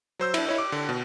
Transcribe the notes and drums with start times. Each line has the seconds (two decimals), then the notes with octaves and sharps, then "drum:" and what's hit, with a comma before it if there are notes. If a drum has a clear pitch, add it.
0.19 F#3 C5 E6 G6
0.34 D4 E4, drum: cymbal
0.46 E4 C#5 D#5
0.58 D6
0.72 D3
0.89 B2